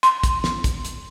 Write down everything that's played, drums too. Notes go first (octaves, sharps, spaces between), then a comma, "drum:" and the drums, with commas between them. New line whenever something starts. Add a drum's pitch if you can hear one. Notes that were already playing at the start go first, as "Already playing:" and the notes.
C6, drum: hi-hat
drum: kick, hi-hat
drum: snare
drum: kick, hi-hat
drum: hi-hat